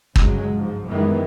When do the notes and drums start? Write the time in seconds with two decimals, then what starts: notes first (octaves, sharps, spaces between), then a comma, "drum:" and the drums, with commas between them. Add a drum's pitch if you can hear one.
0.16 G1 C#2 C#3 F#3 G#3, drum: kick
0.52 G#2 F3
0.88 F#2 D#3 E3 G3 G#3 B3